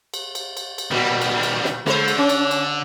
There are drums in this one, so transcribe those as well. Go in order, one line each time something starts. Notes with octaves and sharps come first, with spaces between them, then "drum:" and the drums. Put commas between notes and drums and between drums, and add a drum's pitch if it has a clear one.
drum: cymbal
drum: cymbal
drum: cymbal
drum: cymbal
A#2 D#3 G3
drum: cymbal
drum: cymbal
drum: snare
D3 G#3 C5, drum: snare
drum: cymbal
C#4
drum: cymbal
drum: cymbal